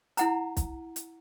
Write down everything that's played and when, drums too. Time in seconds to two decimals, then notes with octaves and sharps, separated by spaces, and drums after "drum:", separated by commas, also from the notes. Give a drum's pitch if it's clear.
0.17 E4 F#5 A#5, drum: hi-hat
0.57 drum: kick, hi-hat
0.96 drum: hi-hat